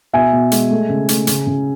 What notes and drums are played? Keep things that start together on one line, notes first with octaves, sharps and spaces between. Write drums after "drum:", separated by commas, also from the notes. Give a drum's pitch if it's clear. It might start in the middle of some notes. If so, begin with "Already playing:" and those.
B2 E5 G#5
B2
G#3, drum: hi-hat
A3
C#3
A3, drum: hi-hat
C#3, drum: hi-hat
C#3